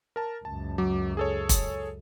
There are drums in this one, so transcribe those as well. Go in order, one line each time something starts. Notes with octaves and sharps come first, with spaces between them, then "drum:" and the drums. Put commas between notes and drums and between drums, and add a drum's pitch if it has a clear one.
A#4 A5
C#2 F#2 A5
F#3 D6
G#4 A4 C#5
drum: kick, hi-hat